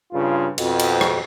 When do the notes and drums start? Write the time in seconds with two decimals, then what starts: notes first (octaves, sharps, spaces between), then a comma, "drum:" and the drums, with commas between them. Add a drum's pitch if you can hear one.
0.12 G2 C#3 F4
0.58 F2 B2, drum: cymbal
0.79 drum: cymbal
1.01 drum: rim click